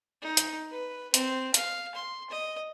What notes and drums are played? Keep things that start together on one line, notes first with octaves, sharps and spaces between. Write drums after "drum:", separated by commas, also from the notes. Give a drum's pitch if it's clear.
D#4
drum: hi-hat
B4
C4, drum: hi-hat
F5, drum: hi-hat
C6
D#5